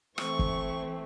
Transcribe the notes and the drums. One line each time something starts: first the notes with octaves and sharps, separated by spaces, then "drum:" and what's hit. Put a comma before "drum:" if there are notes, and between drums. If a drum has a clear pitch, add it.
E3 A3 C4 C#6, drum: rim click
drum: kick